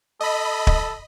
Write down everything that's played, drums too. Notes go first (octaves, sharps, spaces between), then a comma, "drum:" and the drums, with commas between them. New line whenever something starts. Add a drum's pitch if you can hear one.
A4 D#5 B5
drum: kick